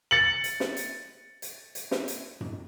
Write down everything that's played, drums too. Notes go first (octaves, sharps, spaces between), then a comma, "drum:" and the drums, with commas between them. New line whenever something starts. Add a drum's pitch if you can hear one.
A6 C#7 F#7
drum: hi-hat
drum: snare
drum: hi-hat
drum: hi-hat
drum: hi-hat
drum: snare
drum: hi-hat
drum: tom F#2